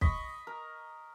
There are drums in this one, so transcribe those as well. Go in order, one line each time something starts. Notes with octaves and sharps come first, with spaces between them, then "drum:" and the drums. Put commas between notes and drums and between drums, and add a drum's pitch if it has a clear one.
D#5 B5 C#6, drum: kick
A#4